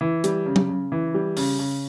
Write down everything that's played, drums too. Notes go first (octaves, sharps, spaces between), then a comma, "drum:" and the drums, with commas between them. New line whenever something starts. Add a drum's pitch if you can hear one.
E3
G3, drum: hi-hat
C#3
drum: tom F#3
C#3
E3
G3
C#3, drum: open hi-hat
C#3